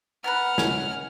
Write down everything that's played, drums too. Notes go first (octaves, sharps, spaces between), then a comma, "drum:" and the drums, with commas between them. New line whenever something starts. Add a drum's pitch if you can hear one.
B3 A#4 B4 F#5 F6
C#4, drum: snare